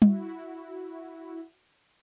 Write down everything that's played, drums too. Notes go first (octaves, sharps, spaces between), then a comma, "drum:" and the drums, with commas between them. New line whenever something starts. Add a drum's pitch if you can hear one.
E4 F#4, drum: tom G3